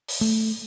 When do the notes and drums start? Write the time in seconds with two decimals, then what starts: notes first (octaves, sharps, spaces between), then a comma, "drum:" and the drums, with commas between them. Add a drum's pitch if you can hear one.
0.08 drum: open hi-hat
0.21 A3